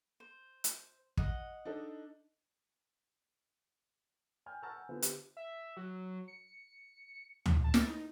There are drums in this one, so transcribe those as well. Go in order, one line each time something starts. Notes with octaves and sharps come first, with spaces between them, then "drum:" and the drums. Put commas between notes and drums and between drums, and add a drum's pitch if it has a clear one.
C5
drum: hi-hat
D#5 F#5, drum: kick
D4 D#4 A4
G5 G#5 F6 G6
F#5 A5 A#5 C#6 E6 F6
G#5
D3 B3 C4 F4
G4, drum: hi-hat
E5
F#3
C#7
drum: tom
A5
drum: snare
D#4